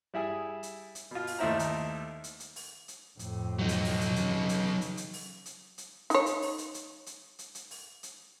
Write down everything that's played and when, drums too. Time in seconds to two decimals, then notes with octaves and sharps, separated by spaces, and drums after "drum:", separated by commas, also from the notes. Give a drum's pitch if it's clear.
0.14 G3 E4 G#4
0.63 drum: hi-hat
0.95 drum: hi-hat
1.11 B2 F4
1.27 drum: open hi-hat
1.39 D#2 A3 D#4 E4 C5 A#5
1.59 drum: hi-hat
2.24 drum: hi-hat
2.40 drum: hi-hat
2.56 drum: open hi-hat
2.88 drum: hi-hat
3.19 F2 A2, drum: hi-hat
3.59 F#3 D#4
3.69 drum: hi-hat
3.85 drum: open hi-hat
4.01 drum: hi-hat
4.16 C#3 E3, drum: hi-hat
4.49 drum: hi-hat
4.81 drum: hi-hat
4.97 drum: hi-hat
5.13 drum: open hi-hat
5.46 drum: hi-hat
5.78 drum: hi-hat
6.10 D#4 C#5, drum: hi-hat
6.26 drum: hi-hat
6.42 drum: open hi-hat
6.58 drum: hi-hat
6.74 drum: hi-hat
7.06 drum: hi-hat
7.39 drum: hi-hat
7.55 drum: hi-hat
7.71 drum: open hi-hat
8.03 drum: hi-hat